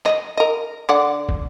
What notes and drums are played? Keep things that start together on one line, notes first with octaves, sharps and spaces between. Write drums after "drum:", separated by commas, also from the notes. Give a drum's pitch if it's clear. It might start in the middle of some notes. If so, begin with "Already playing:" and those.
D#5, drum: clap
A#4 D#5
D3 D5 F#5
drum: kick